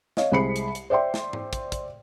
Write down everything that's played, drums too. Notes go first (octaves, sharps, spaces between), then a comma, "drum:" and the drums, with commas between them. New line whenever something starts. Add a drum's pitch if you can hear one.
C#5 D#5 F5, drum: snare
C2 G#3 C5 B5 C7 C#7
drum: hi-hat
drum: hi-hat
C5 D5 E5 G5 C6
drum: snare
drum: tom G#2
drum: kick, hi-hat
drum: kick, hi-hat